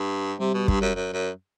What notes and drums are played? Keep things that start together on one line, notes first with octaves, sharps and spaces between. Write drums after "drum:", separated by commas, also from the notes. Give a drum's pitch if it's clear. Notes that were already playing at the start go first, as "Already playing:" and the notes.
Already playing: G2
C3 G3
B2
G2, drum: kick
F#2
F#2
F#2